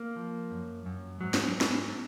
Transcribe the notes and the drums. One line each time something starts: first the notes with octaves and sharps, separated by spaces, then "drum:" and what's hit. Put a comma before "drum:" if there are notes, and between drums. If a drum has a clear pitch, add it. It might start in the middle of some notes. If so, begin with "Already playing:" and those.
Already playing: A#3
F3
F#2
F#2
G#2 F#3
drum: snare
drum: snare